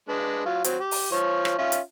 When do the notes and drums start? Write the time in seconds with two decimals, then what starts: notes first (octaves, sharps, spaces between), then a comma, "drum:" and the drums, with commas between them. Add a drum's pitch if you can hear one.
0.09 G#3 D4 B4
0.46 F#3 F4
0.64 F#3 C4, drum: hi-hat
0.80 G4
0.91 drum: open hi-hat
1.12 F3 F4 C#5
1.45 drum: rim click
1.58 C#4 F4 E5
1.72 drum: hi-hat